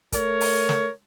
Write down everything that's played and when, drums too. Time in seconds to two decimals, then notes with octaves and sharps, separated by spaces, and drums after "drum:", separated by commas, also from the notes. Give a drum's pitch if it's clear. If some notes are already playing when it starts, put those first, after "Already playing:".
0.12 A3 A#4 C#5, drum: kick, hi-hat
0.41 drum: open hi-hat
0.69 drum: snare